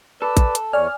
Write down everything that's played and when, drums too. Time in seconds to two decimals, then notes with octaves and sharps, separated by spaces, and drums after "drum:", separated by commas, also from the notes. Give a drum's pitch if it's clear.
0.22 A4 B4 D5
0.37 drum: kick, hi-hat
0.55 drum: hi-hat
0.73 E2 C#5 D5 G#5 F6